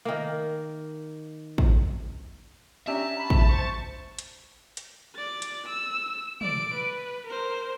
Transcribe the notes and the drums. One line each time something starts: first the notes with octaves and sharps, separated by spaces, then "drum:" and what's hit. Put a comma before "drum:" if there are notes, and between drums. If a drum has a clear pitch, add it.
D#3 A#3
drum: kick
C#4 D4 G4 E5 A5 A#5
E5 B5
drum: kick
C5 C#6
drum: hi-hat
drum: hi-hat
D5 A6
drum: hi-hat
E6
D5 D7, drum: tom
B4
A#4 C5